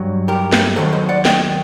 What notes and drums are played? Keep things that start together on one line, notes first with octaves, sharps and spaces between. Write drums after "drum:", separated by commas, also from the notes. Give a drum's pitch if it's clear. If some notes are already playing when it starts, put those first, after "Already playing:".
Already playing: G2 F#3
G4 A#4
drum: snare
D#2 D#3 F#3 A4 C5
C5 D#5
D5 F#5
D#5 G5, drum: snare